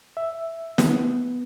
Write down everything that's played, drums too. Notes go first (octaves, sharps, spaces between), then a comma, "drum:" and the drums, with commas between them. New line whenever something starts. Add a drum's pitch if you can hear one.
E5
B3, drum: snare